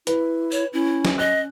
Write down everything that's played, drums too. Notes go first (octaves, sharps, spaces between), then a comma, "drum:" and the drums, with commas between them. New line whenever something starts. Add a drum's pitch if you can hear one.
E4 B4, drum: hi-hat
C#5, drum: tambourine
C#4 E4
drum: snare
D#5 F#6